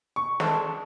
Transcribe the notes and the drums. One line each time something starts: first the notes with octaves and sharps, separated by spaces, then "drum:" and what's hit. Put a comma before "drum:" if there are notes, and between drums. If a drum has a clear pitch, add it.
C#6
G#3 D4 A4, drum: snare